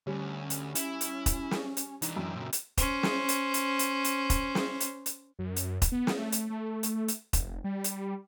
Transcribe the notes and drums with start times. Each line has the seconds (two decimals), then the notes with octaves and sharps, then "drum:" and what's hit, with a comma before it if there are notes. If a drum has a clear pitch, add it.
0.07 D2 G3 C#4
0.50 drum: hi-hat
0.75 E4, drum: hi-hat
1.01 drum: hi-hat
1.26 drum: kick E1, hi-hat
1.51 drum: snare
1.77 drum: hi-hat
2.02 E3 D4 D#4, drum: hi-hat
2.16 F#2 G5
2.35 A#2 C#3
2.53 drum: hi-hat
2.78 C#4 C5, drum: kick E1, hi-hat
3.03 drum: snare
3.29 drum: hi-hat
3.54 drum: hi-hat
3.79 drum: hi-hat
4.04 drum: hi-hat
4.30 drum: kick E1, hi-hat
4.55 drum: snare
4.80 drum: hi-hat
5.06 drum: hi-hat
5.39 F#2
5.56 drum: hi-hat
5.82 drum: kick E1, hi-hat
5.92 B3
6.07 drum: snare
6.17 A3
6.32 drum: hi-hat
6.50 A3
6.83 drum: hi-hat
7.08 drum: hi-hat
7.33 F1, drum: kick E1, hi-hat
7.64 G3
7.84 drum: hi-hat